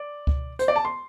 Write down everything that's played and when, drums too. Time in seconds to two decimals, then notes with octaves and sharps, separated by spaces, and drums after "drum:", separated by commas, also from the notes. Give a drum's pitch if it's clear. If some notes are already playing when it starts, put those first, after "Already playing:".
Already playing: D5
0.27 drum: kick C#2
0.59 C5, drum: hi-hat
0.68 D5
0.76 A5
0.85 C6